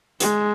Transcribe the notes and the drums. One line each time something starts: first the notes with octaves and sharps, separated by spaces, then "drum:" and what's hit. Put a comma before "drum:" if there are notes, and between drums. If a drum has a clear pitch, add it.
G#3, drum: hi-hat